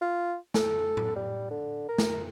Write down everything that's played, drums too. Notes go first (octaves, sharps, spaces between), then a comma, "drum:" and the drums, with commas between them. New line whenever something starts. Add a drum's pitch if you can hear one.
F4
A4, drum: snare
drum: tom A2
G3
D3
A#4
drum: snare